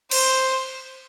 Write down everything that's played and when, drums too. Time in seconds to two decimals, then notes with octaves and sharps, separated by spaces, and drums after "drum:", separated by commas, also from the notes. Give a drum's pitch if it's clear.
0.11 C5, drum: cymbal